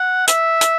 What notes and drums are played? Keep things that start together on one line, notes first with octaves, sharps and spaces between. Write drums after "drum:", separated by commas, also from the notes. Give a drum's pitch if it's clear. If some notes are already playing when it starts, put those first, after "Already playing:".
Already playing: F#5
E5, drum: hi-hat
drum: hi-hat